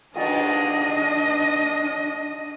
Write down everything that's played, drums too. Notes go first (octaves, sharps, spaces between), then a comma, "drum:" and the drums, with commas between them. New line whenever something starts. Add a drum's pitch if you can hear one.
D4 D#5, drum: cymbal